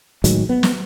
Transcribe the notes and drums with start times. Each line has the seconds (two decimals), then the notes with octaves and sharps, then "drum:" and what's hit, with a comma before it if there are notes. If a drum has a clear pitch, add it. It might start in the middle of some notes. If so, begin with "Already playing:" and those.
0.24 A2 D#3 F#3 G#3, drum: hi-hat
0.49 B3
0.63 drum: snare